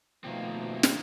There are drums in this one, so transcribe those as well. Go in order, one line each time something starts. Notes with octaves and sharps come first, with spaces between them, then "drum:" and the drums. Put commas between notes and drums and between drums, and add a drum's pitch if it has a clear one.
B2 D#3 F3 A3 A#3 C4
drum: snare